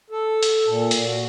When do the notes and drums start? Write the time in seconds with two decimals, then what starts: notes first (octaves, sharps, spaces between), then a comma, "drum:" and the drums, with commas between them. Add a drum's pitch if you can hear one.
0.10 A4
0.43 drum: hi-hat
0.67 A#2
0.91 drum: hi-hat
1.05 F#4